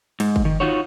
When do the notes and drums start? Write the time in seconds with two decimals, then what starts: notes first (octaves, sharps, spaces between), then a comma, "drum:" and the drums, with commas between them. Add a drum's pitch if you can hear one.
0.20 G#2, drum: cymbal
0.36 drum: kick
0.45 D#3
0.60 D#4 F4 F#4 C#5